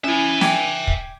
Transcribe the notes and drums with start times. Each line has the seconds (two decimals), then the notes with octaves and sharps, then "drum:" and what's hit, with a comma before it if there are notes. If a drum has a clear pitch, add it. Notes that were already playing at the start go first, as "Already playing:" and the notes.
0.04 C#4 E4 E5 G#5
0.41 G5 D6 G#6, drum: snare
0.87 drum: kick